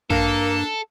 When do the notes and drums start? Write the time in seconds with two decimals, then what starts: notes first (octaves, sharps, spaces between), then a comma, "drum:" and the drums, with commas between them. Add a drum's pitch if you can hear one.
0.10 G2 A#3 D4 A4, drum: kick